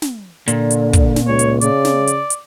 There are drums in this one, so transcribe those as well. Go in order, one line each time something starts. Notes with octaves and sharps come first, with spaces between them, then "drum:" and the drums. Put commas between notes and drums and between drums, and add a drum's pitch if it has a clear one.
drum: snare
A#2 D3, drum: hi-hat
drum: hi-hat
drum: kick, hi-hat
drum: snare
C#2 C#5
drum: hi-hat
C#3 D5, drum: hi-hat
drum: snare
drum: hi-hat
drum: hi-hat